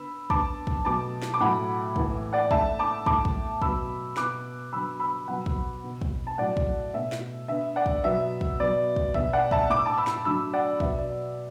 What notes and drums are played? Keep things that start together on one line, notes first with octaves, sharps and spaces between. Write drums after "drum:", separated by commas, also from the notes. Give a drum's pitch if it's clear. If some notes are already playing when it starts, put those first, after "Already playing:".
Already playing: D3 B3 B5 E6
D3 B3 A5 D6, drum: kick
drum: kick
B2 F#3 A3 A5 D6
drum: snare
D6
A2 F#3 A3 F#5 B5
A2 E3 A3, drum: kick
D5 F#5
A2 A3 E5 A5, drum: kick
A5 D6
A2 A3 A5 D6, drum: kick
drum: kick
B2 F#3 B3 B5 E6, drum: kick
B2 B3 D6 F#6, drum: snare
D3 F#3 B3 B5 E6
B5 E6
B2 F#3 B3 F#5 B5
drum: kick
B2 B3
drum: kick
A5
A2 F#3 A3 D5 F#5
drum: kick
B2 A3 E5
drum: snare
D3 B3 E5
D5 F#5
drum: kick
B2 F#3 B3 E5
drum: kick
B2 F#3 B3 D5
drum: kick
B2 B3 E5, drum: kick
D5 F#5
E5 A5, drum: kick
A2 A3 D6
E6
A5 D6
B5 E6
drum: snare
D3 F#3 A3 B5 E6
D5 F#5
B2 F#3 B3 E5, drum: kick
D5